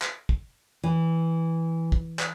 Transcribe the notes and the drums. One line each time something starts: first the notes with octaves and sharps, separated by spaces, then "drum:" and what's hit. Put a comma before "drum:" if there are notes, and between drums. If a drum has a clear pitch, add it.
drum: clap
drum: kick
E3
drum: kick
drum: clap